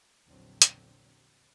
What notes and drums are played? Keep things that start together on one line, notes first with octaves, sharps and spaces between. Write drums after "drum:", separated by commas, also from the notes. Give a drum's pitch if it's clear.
A#1 E2 D3 F#3 C4
drum: hi-hat